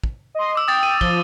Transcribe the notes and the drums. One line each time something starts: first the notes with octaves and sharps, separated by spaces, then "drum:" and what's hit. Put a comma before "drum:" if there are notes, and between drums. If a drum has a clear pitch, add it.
drum: kick
D#5 C6
D6 E6
G5 D#6 A6
D#7
F3 G7, drum: kick